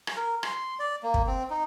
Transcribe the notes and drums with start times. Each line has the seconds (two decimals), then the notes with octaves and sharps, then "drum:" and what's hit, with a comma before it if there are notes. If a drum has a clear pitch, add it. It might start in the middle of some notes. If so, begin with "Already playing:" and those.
0.07 drum: rim click
0.16 A#4
0.43 C6, drum: rim click
0.79 D5
1.03 A#3
1.14 drum: kick
1.27 C4
1.50 D#4